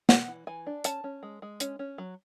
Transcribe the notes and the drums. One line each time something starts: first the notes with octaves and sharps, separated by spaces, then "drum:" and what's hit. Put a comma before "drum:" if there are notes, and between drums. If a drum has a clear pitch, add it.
B3 F#5, drum: snare
E3
E3 G#5
D4
C#4 A5, drum: hi-hat
C#4
G#3
G#3
C#4, drum: hi-hat
C#4
F#3